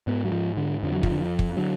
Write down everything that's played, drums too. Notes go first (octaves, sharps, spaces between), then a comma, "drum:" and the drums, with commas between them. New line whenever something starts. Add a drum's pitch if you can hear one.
G#2 B3
F#3
F3
D3
F2 D3 F3
F#3
F3, drum: kick
D3
F3
drum: kick
D3 F#3